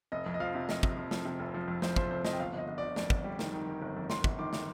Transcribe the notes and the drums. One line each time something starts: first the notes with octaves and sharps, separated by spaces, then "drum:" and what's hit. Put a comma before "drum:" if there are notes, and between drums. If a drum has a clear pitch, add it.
F1 D#5
F2
D#5
F3 F5
C3
F3 D#5, drum: snare
C3, drum: kick
F3
F3, drum: snare
C3
F1
F3
F2
F3 C5, drum: snare
F3 C5, drum: kick
F1 C5
F3 D#5, drum: snare
G5
G1 F5
G1 D#5
G1
D5
G1
F2 D5, drum: snare
G1, drum: kick
G3
D#3, drum: snare
D#3
D#3
G1
F2
F2 C6, drum: snare
G1, drum: kick
D#3 D6
drum: snare